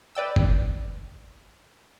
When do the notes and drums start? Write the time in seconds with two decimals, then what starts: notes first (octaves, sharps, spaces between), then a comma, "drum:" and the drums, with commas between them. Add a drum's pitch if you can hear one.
0.15 B4 D5 G5 E6
0.36 drum: kick